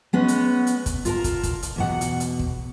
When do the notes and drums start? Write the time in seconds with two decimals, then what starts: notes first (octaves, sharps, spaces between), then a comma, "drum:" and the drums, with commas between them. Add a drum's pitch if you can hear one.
0.13 G#3 B3 C#4
0.28 drum: hi-hat
0.67 drum: hi-hat
0.86 drum: kick, hi-hat
1.05 F4 A#4 A5, drum: hi-hat
1.24 drum: kick, hi-hat
1.43 drum: kick, hi-hat
1.63 drum: hi-hat
1.76 E2 B2 F#5
2.01 drum: hi-hat
2.20 drum: hi-hat
2.39 drum: kick